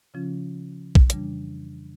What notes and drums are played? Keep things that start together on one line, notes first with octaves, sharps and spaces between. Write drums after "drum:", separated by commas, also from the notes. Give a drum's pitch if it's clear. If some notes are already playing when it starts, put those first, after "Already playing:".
C#3 F3 C#4 F4
drum: kick
F2 C#3 E3 G3 D4, drum: hi-hat